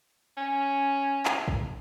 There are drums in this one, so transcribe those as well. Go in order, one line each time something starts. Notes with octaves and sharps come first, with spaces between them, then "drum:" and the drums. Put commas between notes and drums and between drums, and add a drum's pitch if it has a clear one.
C#4
drum: clap
drum: kick